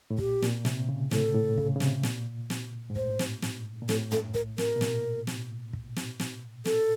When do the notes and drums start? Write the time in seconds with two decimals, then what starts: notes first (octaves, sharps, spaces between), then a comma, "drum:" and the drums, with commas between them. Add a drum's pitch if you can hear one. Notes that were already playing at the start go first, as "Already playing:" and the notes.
0.10 A2
0.18 A#2 G4, drum: kick
0.42 A#2, drum: snare
0.65 C3, drum: snare
0.89 C#3
1.11 A2 A4, drum: snare
1.35 A2
1.58 C#3, drum: kick
1.76 C#3
1.80 C3, drum: snare
2.03 A#2, drum: snare
2.50 drum: snare
2.90 G#2
2.96 A2 C5, drum: kick
3.19 drum: snare
3.42 drum: snare
3.82 A#2
3.89 A2 A4, drum: snare
4.12 A4, drum: tom
4.34 A#4, drum: kick
4.58 A#4, drum: snare
4.76 B2
4.81 A#2, drum: snare
5.27 drum: snare
5.73 drum: kick
5.96 drum: snare
6.20 drum: snare
6.65 A4, drum: snare